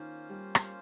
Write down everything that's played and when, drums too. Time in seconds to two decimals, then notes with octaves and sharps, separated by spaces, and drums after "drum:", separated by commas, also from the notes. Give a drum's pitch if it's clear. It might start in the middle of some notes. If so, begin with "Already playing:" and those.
Already playing: D#3 A#3 C#4 F4 C5
0.30 G3
0.55 drum: rim click